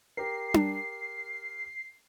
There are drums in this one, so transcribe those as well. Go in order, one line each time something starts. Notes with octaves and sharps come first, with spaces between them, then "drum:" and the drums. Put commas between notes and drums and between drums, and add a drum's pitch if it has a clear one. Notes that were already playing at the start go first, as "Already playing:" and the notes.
G4 A#4 C7
drum: tom D4